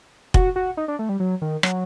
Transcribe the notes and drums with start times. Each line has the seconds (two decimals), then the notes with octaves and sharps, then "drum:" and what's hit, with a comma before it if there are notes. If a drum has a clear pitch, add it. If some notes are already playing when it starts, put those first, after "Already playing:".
0.34 F#4, drum: kick F1
0.56 F#4
0.77 D#4
0.88 D4
0.99 A3
1.09 G3
1.20 F#3
1.42 D#3
1.63 F#3, drum: rim click